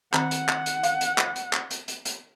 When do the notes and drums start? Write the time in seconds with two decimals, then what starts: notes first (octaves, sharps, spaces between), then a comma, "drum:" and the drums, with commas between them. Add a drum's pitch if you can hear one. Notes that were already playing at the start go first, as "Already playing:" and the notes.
0.14 D#3 C4 F#5 A#5, drum: clap
0.31 drum: hi-hat
0.48 drum: clap
0.66 drum: hi-hat
0.83 F5, drum: hi-hat
1.01 drum: hi-hat
1.18 drum: clap
1.36 drum: hi-hat
1.53 drum: clap
1.70 drum: hi-hat
1.88 drum: hi-hat
2.05 drum: hi-hat